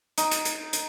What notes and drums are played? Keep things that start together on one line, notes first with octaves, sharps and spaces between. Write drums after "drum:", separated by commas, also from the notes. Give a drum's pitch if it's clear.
D#4, drum: hi-hat
drum: hi-hat
drum: hi-hat
drum: hi-hat